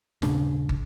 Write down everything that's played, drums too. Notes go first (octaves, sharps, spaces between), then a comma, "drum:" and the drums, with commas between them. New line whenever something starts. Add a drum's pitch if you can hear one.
D#1 G#1 C#3 D4, drum: snare
drum: kick